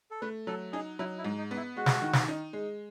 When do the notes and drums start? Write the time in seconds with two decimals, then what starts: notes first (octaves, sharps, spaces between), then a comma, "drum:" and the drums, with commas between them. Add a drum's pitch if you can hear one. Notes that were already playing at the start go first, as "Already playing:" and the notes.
0.11 A4
0.21 A3 B4
0.47 F#3 A4
0.73 D#4 G#4
0.99 F#3 E4
1.18 E4
1.25 G#2
1.38 D#4
1.51 B3
1.57 E4
1.76 G#3 F#4
1.86 drum: snare
2.02 D#3
2.13 drum: snare
2.28 D#4
2.53 G#3